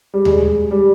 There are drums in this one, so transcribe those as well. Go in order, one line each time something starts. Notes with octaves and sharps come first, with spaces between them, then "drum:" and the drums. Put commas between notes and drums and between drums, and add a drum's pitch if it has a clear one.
G3
G#3, drum: tom D#2
G3